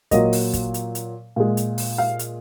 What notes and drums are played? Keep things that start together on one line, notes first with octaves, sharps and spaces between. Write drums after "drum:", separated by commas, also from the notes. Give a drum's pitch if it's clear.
A#2 F#3 A#3 D#5, drum: kick, hi-hat
drum: open hi-hat
drum: kick, hi-hat
drum: hi-hat
drum: hi-hat
A#2 G#3
drum: hi-hat
drum: open hi-hat
F5
drum: hi-hat